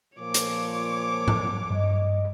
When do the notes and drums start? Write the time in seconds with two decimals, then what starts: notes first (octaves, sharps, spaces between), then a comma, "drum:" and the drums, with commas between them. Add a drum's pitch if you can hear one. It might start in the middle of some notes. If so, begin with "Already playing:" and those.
0.18 A#2 F3 C#5 D6
0.34 drum: hi-hat
1.28 drum: tom G#2
1.70 G2 D#5